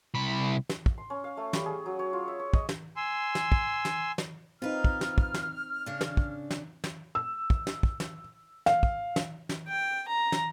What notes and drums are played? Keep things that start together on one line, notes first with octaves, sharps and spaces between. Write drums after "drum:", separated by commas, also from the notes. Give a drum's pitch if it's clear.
C2 B5
drum: snare
drum: kick
C6
C#4
F5
A3
G3, drum: snare
G#4
F#3
C#5
F4
E5
C#5
D#5, drum: kick
drum: snare
G#5 C6 E6
drum: snare
drum: kick
drum: snare
drum: snare
C4 D#4 F4 B4 F6
drum: kick
drum: snare
drum: kick
drum: snare
C#3 D4
drum: snare
drum: kick
drum: snare
drum: snare
E6
drum: kick
drum: snare
drum: kick
drum: snare
F5, drum: snare
drum: kick
drum: snare
drum: snare
G5
A#5
drum: snare